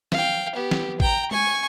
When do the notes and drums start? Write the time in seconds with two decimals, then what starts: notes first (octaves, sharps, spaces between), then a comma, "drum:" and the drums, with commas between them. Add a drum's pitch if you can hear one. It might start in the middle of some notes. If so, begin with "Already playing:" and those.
0.12 F5 G5, drum: snare
0.55 B3 G4
0.71 drum: snare
1.00 G5 A#5, drum: kick A1
1.31 G#5 C#6, drum: tom G#3